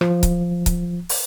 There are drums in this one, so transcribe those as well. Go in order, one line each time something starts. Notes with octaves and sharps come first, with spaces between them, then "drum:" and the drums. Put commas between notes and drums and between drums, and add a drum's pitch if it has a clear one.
F3, drum: rim click
drum: kick C#1, hi-hat
drum: kick C#1, hi-hat
drum: open hi-hat